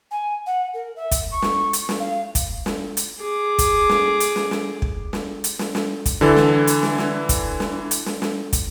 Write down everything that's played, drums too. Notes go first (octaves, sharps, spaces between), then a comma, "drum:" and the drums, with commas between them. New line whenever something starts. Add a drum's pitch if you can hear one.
G#5
F#5
A#4
E5
drum: kick, hi-hat
C#6
drum: snare
drum: hi-hat
drum: snare
F5
drum: kick, hi-hat
drum: snare
drum: hi-hat
G#4 D6
drum: kick, hi-hat
drum: snare
drum: hi-hat
drum: snare
drum: snare
drum: kick
drum: snare
drum: hi-hat
drum: snare
drum: snare
drum: kick, hi-hat
D3 E3 A4
drum: snare
drum: hi-hat
drum: snare
drum: snare
drum: kick, hi-hat
drum: snare
drum: hi-hat
drum: snare
drum: snare
drum: kick, hi-hat